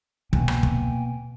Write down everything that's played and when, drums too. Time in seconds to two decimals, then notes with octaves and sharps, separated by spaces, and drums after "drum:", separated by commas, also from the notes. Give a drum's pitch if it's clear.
0.33 B2 A#3 G5 G#5, drum: kick
0.48 drum: rim click
0.63 drum: kick